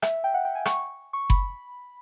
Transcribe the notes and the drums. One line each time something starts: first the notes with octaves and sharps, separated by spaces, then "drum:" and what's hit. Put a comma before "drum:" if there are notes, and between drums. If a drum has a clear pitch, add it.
E5, drum: rim click
G5
F#5
G5
G#5
C#6, drum: rim click
C#6
B5, drum: kick F#1